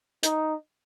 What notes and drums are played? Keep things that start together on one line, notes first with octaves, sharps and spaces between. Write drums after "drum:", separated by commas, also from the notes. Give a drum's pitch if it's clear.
D#4, drum: hi-hat